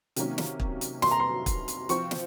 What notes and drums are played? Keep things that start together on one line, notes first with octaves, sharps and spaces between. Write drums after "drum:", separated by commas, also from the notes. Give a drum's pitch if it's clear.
C3 D#3 F#3 A#3 C#4, drum: hi-hat
drum: snare
drum: kick
drum: hi-hat
C6, drum: snare
A#5
C6
drum: kick, hi-hat
drum: hi-hat
F3 C4 F4 C#6, drum: hi-hat
drum: snare